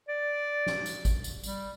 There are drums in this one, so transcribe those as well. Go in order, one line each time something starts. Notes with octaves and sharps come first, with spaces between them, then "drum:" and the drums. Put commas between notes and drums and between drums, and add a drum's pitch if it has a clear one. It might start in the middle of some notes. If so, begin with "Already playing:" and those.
D5
drum: snare
drum: tambourine
drum: kick G#1, tambourine
drum: tambourine
G3, drum: tambourine